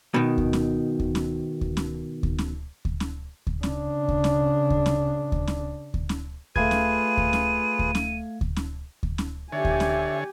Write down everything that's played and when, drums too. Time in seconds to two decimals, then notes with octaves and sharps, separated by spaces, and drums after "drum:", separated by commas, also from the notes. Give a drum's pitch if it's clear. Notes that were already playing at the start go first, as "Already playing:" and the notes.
0.14 B2 D#3
0.38 drum: kick D2
0.53 drum: snare C#4
0.99 drum: kick D2
1.15 drum: snare C#4
1.61 drum: kick D2
1.77 drum: snare C#4
2.23 drum: kick D2
2.38 drum: snare C#4
2.85 drum: kick D2
3.00 drum: snare C#4
3.47 drum: kick D2
3.63 C#3 D4, drum: snare C#4
4.08 drum: kick D2
4.24 drum: snare C#4
4.70 drum: kick D2
4.86 drum: snare C#4
5.32 drum: kick D2
5.47 drum: snare C#4
5.94 drum: kick D2
6.09 drum: snare C#4
6.56 A3 F4 G#4 B4 F5 G#6 D#7, drum: kick D2
6.71 drum: snare C#4
7.17 drum: kick D2
7.33 drum: snare C#4
7.79 drum: kick D2
7.95 drum: snare C#4
8.41 drum: kick D2
8.56 drum: snare C#4
9.03 drum: kick D2
9.18 drum: snare C#4
9.52 D3 G4 C#5 E5 G#5
9.65 drum: kick D2
9.80 drum: snare C#4